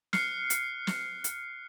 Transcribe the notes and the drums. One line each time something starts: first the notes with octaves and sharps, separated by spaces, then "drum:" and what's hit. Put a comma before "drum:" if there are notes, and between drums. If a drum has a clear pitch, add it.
F6 F#6 C7 C#7, drum: snare
drum: hi-hat
drum: snare
drum: hi-hat